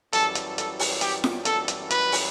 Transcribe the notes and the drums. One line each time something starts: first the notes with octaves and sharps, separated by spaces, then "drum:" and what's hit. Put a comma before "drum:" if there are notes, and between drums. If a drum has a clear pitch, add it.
F#2 E3 G3 A4, drum: hi-hat
drum: hi-hat
A4, drum: hi-hat
drum: open hi-hat
G4, drum: hi-hat
drum: snare F4
A4, drum: hi-hat
drum: hi-hat
B4, drum: hi-hat
drum: open hi-hat